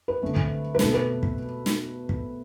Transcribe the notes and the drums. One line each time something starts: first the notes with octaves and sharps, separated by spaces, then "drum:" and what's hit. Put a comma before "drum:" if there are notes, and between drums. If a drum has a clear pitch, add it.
B4
D3 A3 C4
drum: kick
B4
B2 A3 C4 A4, drum: snare
B4
drum: kick
drum: snare
drum: kick